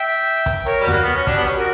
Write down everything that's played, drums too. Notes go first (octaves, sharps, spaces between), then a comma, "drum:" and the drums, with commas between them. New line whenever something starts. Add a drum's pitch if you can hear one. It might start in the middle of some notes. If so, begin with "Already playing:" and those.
Already playing: E5 G5
drum: kick, hi-hat
A#4 C#5, drum: hi-hat
G3
A#3 F#4, drum: tom D#2
B3 F#4
C#4
D4 G4, drum: kick, hi-hat
B3
C#4, drum: hi-hat
F#4 A#4